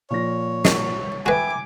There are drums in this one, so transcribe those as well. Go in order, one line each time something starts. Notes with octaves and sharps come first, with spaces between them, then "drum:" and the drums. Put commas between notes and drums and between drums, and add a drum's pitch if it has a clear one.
A#2 F3 C#5 A#6
G#3, drum: snare
F#4 B4 E5 G5 G#5 B5 D6